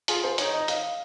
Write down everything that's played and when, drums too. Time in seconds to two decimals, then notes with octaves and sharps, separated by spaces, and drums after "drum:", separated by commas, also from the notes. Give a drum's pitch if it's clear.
0.08 F4 G#4, drum: hi-hat
0.24 C5
0.38 D#4 C#5, drum: hi-hat
0.54 D#5
0.68 F5, drum: hi-hat